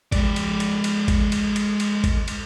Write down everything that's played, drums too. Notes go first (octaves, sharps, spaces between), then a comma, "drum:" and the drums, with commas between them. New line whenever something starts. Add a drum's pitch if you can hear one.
G#3 D5, drum: kick G#1, cymbal
drum: cymbal
drum: cymbal
drum: cymbal
drum: kick G#1, cymbal
drum: cymbal
drum: cymbal
drum: cymbal
drum: kick G#1, cymbal
drum: cymbal